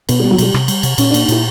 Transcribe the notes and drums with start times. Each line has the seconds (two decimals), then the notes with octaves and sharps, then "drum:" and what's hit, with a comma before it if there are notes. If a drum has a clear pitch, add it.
0.09 B2 B3, drum: cymbal
0.20 G3
0.24 B3
0.31 F#3
0.38 B2 G3, drum: cymbal
0.54 C3, drum: rim click
0.68 G3, drum: cymbal
0.83 C3, drum: cymbal
0.98 A#2 C#4, drum: cymbal
1.10 D4
1.14 A#3, drum: cymbal
1.21 D#4
1.28 A#2 E4, drum: cymbal